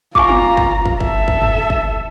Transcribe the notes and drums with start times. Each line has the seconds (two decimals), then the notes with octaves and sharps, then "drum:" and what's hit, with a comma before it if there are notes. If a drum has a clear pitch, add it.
0.15 F4 G#5 A#5 C#6 D6, drum: kick
0.29 drum: tom
0.57 drum: kick
0.86 drum: kick
1.00 A4 E5, drum: kick
1.28 drum: kick
1.42 drum: tom
1.70 drum: kick